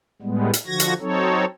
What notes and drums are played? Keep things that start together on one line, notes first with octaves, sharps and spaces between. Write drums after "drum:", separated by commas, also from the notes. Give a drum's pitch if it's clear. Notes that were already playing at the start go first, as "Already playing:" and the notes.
A2 G3 G#3 B3
drum: hi-hat
D3 F3 F#4 G#6 A#6
drum: hi-hat
F#3 C4 D#4 A4 C#5